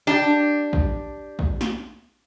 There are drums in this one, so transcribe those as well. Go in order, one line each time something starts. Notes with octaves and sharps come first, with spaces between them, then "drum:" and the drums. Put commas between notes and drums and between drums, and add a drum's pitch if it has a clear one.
D4 G4
drum: kick
drum: kick
drum: snare